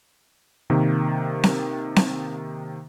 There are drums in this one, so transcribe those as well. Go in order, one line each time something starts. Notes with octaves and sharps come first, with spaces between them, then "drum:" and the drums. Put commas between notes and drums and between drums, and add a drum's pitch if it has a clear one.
C3 D#3 A#3
drum: snare C4
drum: snare C4